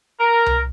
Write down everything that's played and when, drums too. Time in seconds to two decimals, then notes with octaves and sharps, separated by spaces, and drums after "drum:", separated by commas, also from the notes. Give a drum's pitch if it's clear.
0.20 A#4
0.46 drum: tom C2